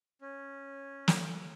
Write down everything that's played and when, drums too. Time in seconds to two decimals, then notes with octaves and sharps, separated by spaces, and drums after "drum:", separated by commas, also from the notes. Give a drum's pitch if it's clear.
0.22 C#4
1.08 drum: snare